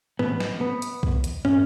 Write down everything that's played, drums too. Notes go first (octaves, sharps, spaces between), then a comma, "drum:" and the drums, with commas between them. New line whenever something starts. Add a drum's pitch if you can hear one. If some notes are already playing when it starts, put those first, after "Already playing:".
B3, drum: tom
drum: snare
B3
drum: hi-hat
drum: kick B1
drum: hi-hat
C#4, drum: tom